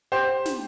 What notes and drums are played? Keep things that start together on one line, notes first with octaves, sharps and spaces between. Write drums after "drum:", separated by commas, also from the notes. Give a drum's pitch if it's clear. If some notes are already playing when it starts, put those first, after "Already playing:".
G4 C5
drum: snare